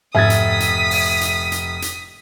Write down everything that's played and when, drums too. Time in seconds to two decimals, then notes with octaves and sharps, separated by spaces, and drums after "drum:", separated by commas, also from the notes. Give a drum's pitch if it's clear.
0.15 F1 G#2 E5 D#6 G#6 A6 B6
0.30 drum: hi-hat
0.60 drum: hi-hat
0.91 drum: open hi-hat
1.21 drum: hi-hat
1.52 drum: hi-hat
1.82 drum: hi-hat